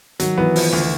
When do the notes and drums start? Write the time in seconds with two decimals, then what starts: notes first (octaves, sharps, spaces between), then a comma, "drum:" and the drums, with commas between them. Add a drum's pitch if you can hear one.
0.20 D#3 F#3, drum: hi-hat
0.38 E3 B3
0.56 F3, drum: open hi-hat
0.73 D2